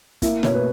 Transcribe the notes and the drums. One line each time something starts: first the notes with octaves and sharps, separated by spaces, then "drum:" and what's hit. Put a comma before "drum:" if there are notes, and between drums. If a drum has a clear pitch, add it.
A#3 E4, drum: kick, hi-hat
B2 C#5, drum: snare
B4